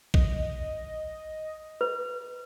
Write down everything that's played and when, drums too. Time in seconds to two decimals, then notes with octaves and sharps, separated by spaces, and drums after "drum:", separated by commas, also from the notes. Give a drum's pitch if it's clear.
0.14 D#5, drum: kick
1.81 B4